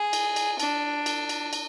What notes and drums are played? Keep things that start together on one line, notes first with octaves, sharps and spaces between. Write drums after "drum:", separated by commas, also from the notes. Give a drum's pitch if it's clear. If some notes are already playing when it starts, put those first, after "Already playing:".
Already playing: G#4
drum: cymbal
drum: cymbal
D4, drum: cymbal
drum: cymbal
drum: cymbal
drum: cymbal